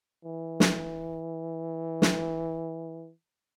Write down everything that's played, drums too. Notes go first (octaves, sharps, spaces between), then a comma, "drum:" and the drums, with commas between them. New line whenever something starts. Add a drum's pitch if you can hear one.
E3
drum: snare
drum: snare